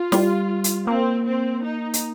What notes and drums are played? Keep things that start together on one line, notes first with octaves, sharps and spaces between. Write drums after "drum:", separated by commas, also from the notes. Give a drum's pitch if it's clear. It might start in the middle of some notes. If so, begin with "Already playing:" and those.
Already playing: F4
G3, drum: snare
drum: hi-hat
A#3 C4
C4
D#4
drum: hi-hat